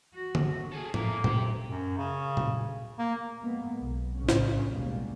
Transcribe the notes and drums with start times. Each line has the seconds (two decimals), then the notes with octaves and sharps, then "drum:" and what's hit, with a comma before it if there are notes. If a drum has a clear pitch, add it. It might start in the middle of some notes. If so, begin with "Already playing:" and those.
0.14 F#4
0.35 drum: tom D3
0.72 G#4 A4
0.94 A3 A#3 E4, drum: tom A2
1.24 G4 C5, drum: tom A#2
1.68 F#2
1.98 C#3
2.37 drum: tom A#2
2.98 A#3
3.42 G#3 A#3 B3
3.80 B1
4.16 A1 G#2 C#3 C#4
4.29 drum: snare
4.69 D#2 B2 G3 G#3 A#3